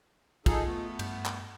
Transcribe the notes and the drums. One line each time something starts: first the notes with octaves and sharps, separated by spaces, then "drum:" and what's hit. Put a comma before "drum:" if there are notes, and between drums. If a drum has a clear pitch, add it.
D#4 F4 G#4 A4, drum: kick, cymbal
A3 B3
G2, drum: cymbal
drum: clap